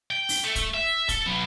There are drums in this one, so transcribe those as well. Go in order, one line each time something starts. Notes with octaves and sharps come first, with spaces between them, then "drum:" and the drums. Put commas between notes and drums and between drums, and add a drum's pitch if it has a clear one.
G5
drum: open hi-hat
A3
drum: kick, hi-hat
E5
A4, drum: kick, hi-hat
F#3 B3